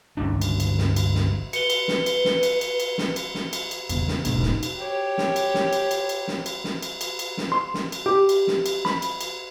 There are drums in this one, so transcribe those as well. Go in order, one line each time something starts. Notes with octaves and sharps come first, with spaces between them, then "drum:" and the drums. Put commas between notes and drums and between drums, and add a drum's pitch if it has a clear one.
G1 C#2 D#3 D4
drum: cymbal
drum: cymbal
drum: snare
drum: cymbal
drum: snare
B4 C#7 G7, drum: cymbal
drum: cymbal
drum: snare
drum: cymbal
drum: snare
drum: cymbal
drum: cymbal
drum: cymbal
drum: snare
drum: cymbal
drum: snare
drum: cymbal
drum: cymbal
E2 C#3, drum: cymbal
drum: snare
E1 G#2, drum: cymbal
D#4, drum: snare
drum: cymbal
G4 C#5
drum: snare
drum: cymbal
drum: snare
drum: cymbal
drum: cymbal
drum: cymbal
drum: snare
drum: cymbal
drum: snare
drum: cymbal
drum: cymbal
drum: cymbal
drum: snare
C6
drum: snare
drum: cymbal
G4
drum: cymbal
drum: snare
drum: cymbal
B5, drum: snare
drum: cymbal
drum: cymbal